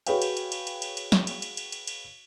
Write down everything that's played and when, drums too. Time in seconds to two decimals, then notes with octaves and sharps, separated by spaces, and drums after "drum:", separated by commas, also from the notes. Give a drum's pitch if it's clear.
0.07 F#4 G#4 B4 C#5 F5 G5, drum: cymbal
0.22 drum: cymbal
0.37 drum: cymbal
0.52 drum: cymbal
0.67 drum: cymbal
0.82 drum: cymbal
0.97 drum: cymbal
1.12 drum: snare
1.27 drum: cymbal
1.42 drum: cymbal
1.57 drum: cymbal
1.72 drum: cymbal
1.87 drum: cymbal